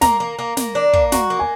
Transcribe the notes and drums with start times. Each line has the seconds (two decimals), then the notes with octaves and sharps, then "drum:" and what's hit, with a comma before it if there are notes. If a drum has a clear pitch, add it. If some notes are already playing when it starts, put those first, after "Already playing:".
0.01 A#3 A#5, drum: snare
0.20 A#3
0.39 A#3
0.57 A#3, drum: snare
0.75 D4
0.93 A#3, drum: kick
1.12 F#4 A#5, drum: snare
1.30 A#3
1.39 G#5